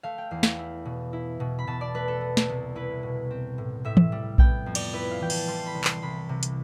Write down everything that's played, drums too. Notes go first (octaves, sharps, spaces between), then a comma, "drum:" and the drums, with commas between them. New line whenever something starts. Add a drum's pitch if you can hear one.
A3 F5
G5
E2 F5
drum: snare
E4
B2
E4
B2
B5
B2 A5
D5
A3 B4
A4
B3
drum: snare
C2
E4 B4
B2
C4
A2
A2 E5
drum: tom
G3
B3 G5, drum: kick A#1
F2
D5, drum: cymbal
E4 B4
F5
E3 G5
A5, drum: cymbal
G3 C6
B5
C2
C6, drum: clap
C2 B5
C3
drum: hi-hat